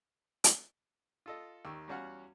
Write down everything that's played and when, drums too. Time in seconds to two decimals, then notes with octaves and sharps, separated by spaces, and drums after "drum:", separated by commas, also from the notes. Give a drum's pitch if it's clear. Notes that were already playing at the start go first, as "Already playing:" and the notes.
0.44 drum: hi-hat
1.26 F4 A4 D#5
1.65 D#2 G4 C#6 E6
1.88 E2 G3 C#4 F#4 F5 F#5